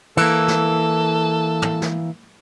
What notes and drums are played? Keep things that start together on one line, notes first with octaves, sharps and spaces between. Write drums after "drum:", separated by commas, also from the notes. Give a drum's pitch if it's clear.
E3 A#3 A4, drum: cymbal
drum: snare
drum: tom
drum: snare